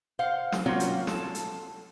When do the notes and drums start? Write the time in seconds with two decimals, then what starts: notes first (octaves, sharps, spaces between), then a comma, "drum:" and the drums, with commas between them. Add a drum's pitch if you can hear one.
0.19 C5 F5 F#5
0.52 drum: snare
0.66 F#3 A#3 C4 C#4 F4 F#4
0.80 drum: hi-hat
1.07 A4, drum: snare
1.35 drum: hi-hat